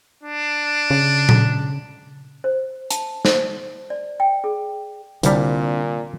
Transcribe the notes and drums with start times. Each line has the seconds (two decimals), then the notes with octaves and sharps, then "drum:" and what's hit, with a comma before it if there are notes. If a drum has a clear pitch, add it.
0.23 D4
0.90 C#3
1.29 drum: tom A#2
2.44 C5
2.91 A5, drum: hi-hat
3.25 C5, drum: snare
3.90 D5
4.20 G5
4.44 G#4
5.23 C2 A#2 D3 G3 C4 D4, drum: hi-hat